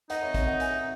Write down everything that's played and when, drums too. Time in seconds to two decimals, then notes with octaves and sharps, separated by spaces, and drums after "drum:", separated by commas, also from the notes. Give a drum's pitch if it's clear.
0.10 D#4 D#5 F#5, drum: hi-hat
0.23 C#5 E5
0.34 C#5 E5, drum: kick, hi-hat
0.47 D#5 F#5
0.60 E5 G#5, drum: hi-hat
0.75 E5